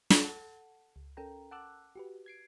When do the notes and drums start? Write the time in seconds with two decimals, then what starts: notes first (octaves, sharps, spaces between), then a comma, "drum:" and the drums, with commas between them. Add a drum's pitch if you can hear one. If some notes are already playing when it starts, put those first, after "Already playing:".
0.10 drum: snare
0.24 A4 F#5 A5
0.96 C#2
1.17 C#4 A4 A#4 G5 A#5
1.51 F#5 A5 D6 E6 F#6
1.96 F#4 G4 B4
2.26 G#6 C7 D7